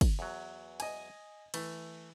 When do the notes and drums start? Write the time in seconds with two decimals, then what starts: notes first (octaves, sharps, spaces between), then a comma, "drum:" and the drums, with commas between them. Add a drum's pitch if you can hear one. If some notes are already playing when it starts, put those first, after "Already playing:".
0.01 drum: kick, cymbal
0.19 E2 F#3
0.80 D#5 G#5, drum: cymbal
1.54 E3 A3, drum: cymbal